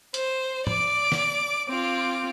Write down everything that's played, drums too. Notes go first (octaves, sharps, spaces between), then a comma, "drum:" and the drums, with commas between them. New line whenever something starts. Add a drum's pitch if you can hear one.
C5, drum: hi-hat
D5 D6, drum: tom
drum: snare
C4 F4 D6